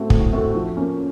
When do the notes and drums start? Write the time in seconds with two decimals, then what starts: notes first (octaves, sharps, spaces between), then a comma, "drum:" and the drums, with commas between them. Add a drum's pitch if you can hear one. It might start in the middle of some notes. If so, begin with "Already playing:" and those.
Already playing: A2 A3 C4 F#4 A4
0.10 A2, drum: kick
0.33 A3 C4 F#4 A4
0.55 F3
0.77 A#3 C#4